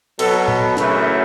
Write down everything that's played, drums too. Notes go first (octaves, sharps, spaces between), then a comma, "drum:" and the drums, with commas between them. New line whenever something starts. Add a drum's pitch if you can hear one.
B2 F#3 B3 A4, drum: cymbal
drum: tom A#2
F#2 C#3 E3 A3 B4, drum: snare